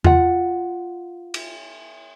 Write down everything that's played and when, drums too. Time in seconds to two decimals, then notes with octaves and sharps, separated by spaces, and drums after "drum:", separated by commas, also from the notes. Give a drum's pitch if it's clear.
0.04 F4 F#5, drum: tom E2
1.34 drum: cymbal